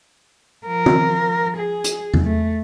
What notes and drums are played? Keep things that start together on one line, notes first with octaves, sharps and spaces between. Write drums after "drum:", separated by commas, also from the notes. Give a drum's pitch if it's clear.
F3 A#4
drum: tom D#3
G#4
drum: hi-hat
drum: tom
A3